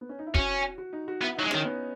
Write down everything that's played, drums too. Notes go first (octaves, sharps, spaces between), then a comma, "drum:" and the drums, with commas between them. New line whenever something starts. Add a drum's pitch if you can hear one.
B3
C#4
D#4
E4
C#4 F#4, drum: kick
F#4
D#4
F#4
B3 E4
D#4
F#3
G#3
C#4, drum: snare
D#3
B3